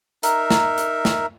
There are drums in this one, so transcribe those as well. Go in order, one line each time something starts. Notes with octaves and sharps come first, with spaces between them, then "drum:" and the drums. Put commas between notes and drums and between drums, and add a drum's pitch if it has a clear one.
D#4 A#4 E5, drum: hi-hat
drum: snare
drum: hi-hat
drum: snare